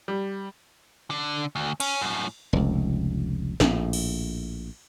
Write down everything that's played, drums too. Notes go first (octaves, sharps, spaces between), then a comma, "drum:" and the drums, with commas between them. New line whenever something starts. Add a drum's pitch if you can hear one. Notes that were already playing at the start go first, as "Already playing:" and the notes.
G3
D3
D2
C#4, drum: cymbal
F#2 A2
F1 C#2
A#1 A2, drum: snare
drum: cymbal